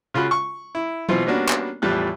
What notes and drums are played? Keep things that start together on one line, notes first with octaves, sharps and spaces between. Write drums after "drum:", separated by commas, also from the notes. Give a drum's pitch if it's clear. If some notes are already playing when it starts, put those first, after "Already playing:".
C#3 F4 F#4 B5 F#6
C#6
E4
B2 E3 C4 F4, drum: tom
G3 A#3 B3 C#4 D4 F#4
drum: clap
E2 A2 F3 G3 A3 F#6